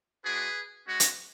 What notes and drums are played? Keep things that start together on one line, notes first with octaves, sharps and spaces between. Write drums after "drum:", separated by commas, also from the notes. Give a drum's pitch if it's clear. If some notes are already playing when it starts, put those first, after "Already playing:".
G#3 D4 F#4 G#4 B4
G#3 C#4 F#4
drum: hi-hat